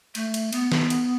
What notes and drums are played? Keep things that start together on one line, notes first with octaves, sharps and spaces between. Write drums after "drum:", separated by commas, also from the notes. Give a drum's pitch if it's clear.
A3, drum: cymbal
drum: cymbal
B3, drum: cymbal
drum: snare
drum: cymbal